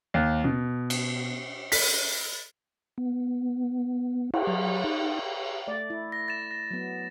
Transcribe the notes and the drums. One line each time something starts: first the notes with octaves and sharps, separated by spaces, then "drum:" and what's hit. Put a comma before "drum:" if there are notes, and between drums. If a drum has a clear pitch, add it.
D#2
B2
drum: cymbal
B6, drum: open hi-hat
B3
E4, drum: cymbal
F#3
D#4
A3 D5
E4
A#6
A6 E7
A#6
F#3 B3